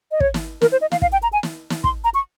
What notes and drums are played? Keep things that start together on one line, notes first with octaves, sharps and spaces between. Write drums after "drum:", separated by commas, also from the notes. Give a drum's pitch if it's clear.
D#5
C#5, drum: kick
drum: snare
A#4, drum: snare
C5
D#5
F5, drum: snare
F5, drum: kick
G5
A#5
G#5
drum: snare
drum: snare
C6, drum: kick
A#5
C#6